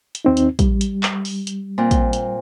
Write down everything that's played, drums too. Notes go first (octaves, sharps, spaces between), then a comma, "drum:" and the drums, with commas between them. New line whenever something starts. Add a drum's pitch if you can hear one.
drum: hi-hat
D#2 C4 D#4
drum: hi-hat
G3, drum: kick, hi-hat
drum: hi-hat
drum: clap
drum: open hi-hat
drum: hi-hat
A#2 C4
drum: kick, hi-hat
drum: hi-hat